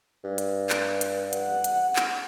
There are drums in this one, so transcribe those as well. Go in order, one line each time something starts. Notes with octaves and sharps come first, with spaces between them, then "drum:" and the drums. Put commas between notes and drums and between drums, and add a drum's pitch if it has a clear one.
G2
drum: hi-hat
drum: clap
drum: hi-hat
F#5, drum: hi-hat
drum: hi-hat
drum: clap